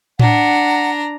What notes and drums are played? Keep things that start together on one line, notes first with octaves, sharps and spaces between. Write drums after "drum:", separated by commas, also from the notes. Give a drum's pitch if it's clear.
D4 F#5 A#5, drum: tom A2